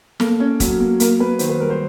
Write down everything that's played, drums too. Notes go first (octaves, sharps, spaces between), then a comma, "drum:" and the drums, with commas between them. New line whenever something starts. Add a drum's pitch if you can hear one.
A#3 A4, drum: snare
C#4
F#3, drum: kick, hi-hat
A#3
A#3 A#4, drum: hi-hat
A#3 B4
D#3 C5, drum: hi-hat
B4
G3 A#4
C5